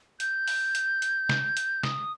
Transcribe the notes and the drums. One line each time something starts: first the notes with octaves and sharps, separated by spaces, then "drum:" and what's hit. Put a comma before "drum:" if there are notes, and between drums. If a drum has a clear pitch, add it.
G6, drum: hi-hat
drum: open hi-hat
drum: hi-hat
drum: hi-hat
drum: snare
drum: hi-hat
D#6, drum: snare